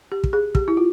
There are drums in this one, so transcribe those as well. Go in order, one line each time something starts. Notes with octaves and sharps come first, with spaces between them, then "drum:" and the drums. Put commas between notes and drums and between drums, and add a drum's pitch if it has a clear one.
G4
drum: kick
G#4
G4, drum: kick
E4
F4